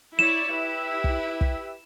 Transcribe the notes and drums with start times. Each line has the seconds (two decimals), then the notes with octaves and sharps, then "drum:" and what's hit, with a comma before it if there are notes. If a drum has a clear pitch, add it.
0.19 E4 C#5 D5 E7
0.49 E4 G4 B4 E5
1.04 drum: kick
1.41 drum: kick